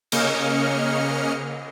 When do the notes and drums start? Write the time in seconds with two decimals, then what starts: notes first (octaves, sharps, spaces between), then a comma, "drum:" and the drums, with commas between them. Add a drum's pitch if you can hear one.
0.12 C#3 A#3 C#4 D#5 F6 C#7, drum: cymbal